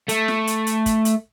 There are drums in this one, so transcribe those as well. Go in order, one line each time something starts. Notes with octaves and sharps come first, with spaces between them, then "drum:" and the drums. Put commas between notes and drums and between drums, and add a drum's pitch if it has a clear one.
A3, drum: hi-hat
drum: snare
drum: hi-hat
drum: hi-hat
drum: kick, hi-hat
drum: hi-hat